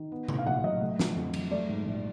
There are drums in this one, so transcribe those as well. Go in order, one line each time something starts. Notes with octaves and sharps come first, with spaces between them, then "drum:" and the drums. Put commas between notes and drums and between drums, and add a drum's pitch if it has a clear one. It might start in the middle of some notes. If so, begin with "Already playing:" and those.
Already playing: D#3
B3
A2, drum: tom C3
F5
A#1 F#5
F#3 D#5
A3
D3, drum: snare
F2
F#3, drum: cymbal
A3 D5
G#2
A#1